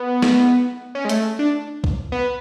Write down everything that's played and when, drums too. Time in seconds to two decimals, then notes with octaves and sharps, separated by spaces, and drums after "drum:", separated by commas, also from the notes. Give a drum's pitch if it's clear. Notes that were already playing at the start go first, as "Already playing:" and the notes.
Already playing: B3
0.23 drum: snare
0.95 C#4
1.05 G#3
1.09 A3, drum: hi-hat
1.39 D4
1.84 drum: kick
2.12 B3